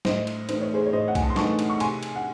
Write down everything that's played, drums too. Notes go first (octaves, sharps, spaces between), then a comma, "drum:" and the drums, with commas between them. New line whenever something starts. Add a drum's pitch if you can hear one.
A2 C5 D#5, drum: snare
drum: cymbal
E3 A3 D#4 C5, drum: cymbal
C#5
G#4 C5
C#5
A2 C5 D#5
F#5
G#5, drum: kick B1, cymbal
A5
C6
E3 A3 D#4 A5 C#6, drum: snare
drum: cymbal
C#6
C3 G#5 C6, drum: cymbal
drum: cymbal
F#5